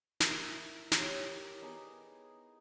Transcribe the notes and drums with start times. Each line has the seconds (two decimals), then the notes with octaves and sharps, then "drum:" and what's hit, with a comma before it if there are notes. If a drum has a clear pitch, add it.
0.20 E4 A#4 E5, drum: snare
0.92 D#4 G4 C#5, drum: snare
1.62 B3 D#4 G#4